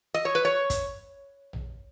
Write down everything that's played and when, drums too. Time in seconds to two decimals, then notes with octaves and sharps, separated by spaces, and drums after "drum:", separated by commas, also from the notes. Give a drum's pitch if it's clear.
0.14 D#5
0.25 C#5
0.35 B4
0.45 C#5
0.70 drum: kick, hi-hat
1.53 drum: tom A#1